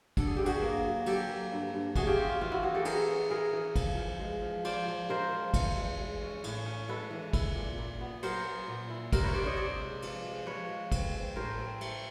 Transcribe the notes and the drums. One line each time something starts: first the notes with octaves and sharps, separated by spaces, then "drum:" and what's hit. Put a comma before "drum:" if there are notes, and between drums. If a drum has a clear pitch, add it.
D3 A4, drum: kick, cymbal
G#4
G2 G4
F#4 G#4, drum: cymbal
A#3
F#3
F#3 G4 A4, drum: cymbal
A#3
G2
G2
A3 F#4 G#4, drum: kick, cymbal
F4 G4
C#4
F4
E3 F4
E4 F#4
E3 F#4 G#4
G4 A4
E4 G#4 A#4, drum: cymbal
C#4
E4 G#4 A#4
E3
F3, drum: kick, cymbal
F3
G#3
F3
F3 C5 D5, drum: cymbal
F3
G#3 A#4 C5
F3
E3, drum: kick, cymbal
G#3
G#3
C#4
A2, drum: cymbal
C#4
G#3 A4 B4
E3
E4, drum: kick, cymbal
A#2
A#2
B3
F#3 A#4 C5, drum: cymbal
B3
A#2
E4
C3 A#4 C5, drum: kick, cymbal
B4 C#5
C3 C5 D5
C#5 D#5
C3 C5 D5
G#3
F3, drum: cymbal
G#3
F3 B4 C#5
G#3
C4, drum: kick, cymbal
C4
A2 A#4 C5
C4
A3, drum: cymbal